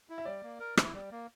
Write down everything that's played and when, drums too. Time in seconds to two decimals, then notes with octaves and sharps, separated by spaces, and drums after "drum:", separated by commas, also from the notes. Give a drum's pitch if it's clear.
0.10 E4
0.18 E5
0.25 G3 D5
0.43 A#3
0.60 A#4
0.77 E4, drum: rim click
0.94 G3
1.11 A#3